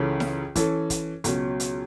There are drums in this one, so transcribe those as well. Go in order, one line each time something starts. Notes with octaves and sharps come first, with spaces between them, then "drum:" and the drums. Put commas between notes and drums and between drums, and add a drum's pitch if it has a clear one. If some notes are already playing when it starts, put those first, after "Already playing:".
Already playing: C#2 C#3 E3 C#4 A4
drum: snare E4
E3 C#4 A4, drum: kick, hi-hat
drum: kick, hi-hat
C#2 B2 F#3 C#4, drum: hi-hat
drum: hi-hat